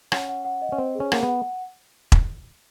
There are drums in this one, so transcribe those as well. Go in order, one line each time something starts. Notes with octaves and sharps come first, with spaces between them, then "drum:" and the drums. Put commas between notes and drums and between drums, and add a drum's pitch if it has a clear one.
C#4 F#5, drum: rim click
F#5
F#5
D#5
C#4
C4 C5
G#4
C#4
A#3 F#5, drum: rim click
B3
F#5
drum: kick E1